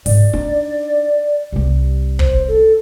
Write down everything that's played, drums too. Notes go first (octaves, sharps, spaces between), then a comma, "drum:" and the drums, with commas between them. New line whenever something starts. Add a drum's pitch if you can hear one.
G#2 D5, drum: open hi-hat
D4 D#4
C2 G3
C5, drum: kick
A4